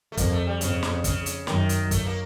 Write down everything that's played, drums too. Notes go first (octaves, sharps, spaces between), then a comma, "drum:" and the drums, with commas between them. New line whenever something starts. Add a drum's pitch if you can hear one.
A3
F2 A#3, drum: kick, hi-hat
A3
G3
F2 C#3, drum: hi-hat
drum: snare
C#3, drum: kick, hi-hat
drum: hi-hat
F#2 D#3, drum: snare
drum: hi-hat
A3, drum: kick, hi-hat
A#3